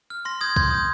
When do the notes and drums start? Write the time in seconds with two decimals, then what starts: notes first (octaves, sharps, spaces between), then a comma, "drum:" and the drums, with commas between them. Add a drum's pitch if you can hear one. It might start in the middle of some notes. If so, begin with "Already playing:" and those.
0.10 F6
0.25 C6 A#6
0.41 D#6 G6 G#6
0.56 C6 G6, drum: kick
0.71 D#6 G6